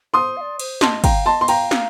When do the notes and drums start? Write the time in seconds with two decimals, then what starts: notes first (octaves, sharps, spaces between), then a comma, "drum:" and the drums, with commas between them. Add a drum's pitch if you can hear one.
0.14 C5 C6 D#6
0.37 F5
0.41 D5
0.59 C5, drum: cymbal
0.81 D#5 A5 C6, drum: snare
1.04 F5 G5 A#5, drum: kick, cymbal
1.26 D#5 A5 C6
1.41 C6
1.48 F5 G5 A#5, drum: cymbal
1.71 drum: snare